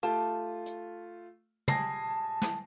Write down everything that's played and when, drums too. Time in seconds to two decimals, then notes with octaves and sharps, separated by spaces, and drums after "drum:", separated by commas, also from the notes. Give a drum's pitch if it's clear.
0.03 A3 F4 G4 A5
0.66 drum: hi-hat
1.68 A#2 G3 G#3 G#5 A5 A#6 C7, drum: tom
2.42 drum: snare